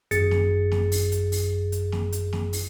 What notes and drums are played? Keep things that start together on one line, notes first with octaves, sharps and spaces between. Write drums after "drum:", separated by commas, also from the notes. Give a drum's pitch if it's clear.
G#1 F#2 G#4 A6 C#7, drum: hi-hat
drum: snare
drum: snare
drum: open hi-hat
drum: hi-hat
drum: open hi-hat
drum: hi-hat
drum: snare
drum: hi-hat
drum: snare
drum: open hi-hat